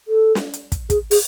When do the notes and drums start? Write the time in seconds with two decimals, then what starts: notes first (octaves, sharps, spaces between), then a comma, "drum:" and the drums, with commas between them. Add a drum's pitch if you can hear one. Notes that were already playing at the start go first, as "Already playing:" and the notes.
0.08 A4
0.35 drum: snare
0.54 drum: hi-hat
0.72 drum: kick, hi-hat
0.90 G#4, drum: kick, hi-hat
1.11 G#4, drum: open hi-hat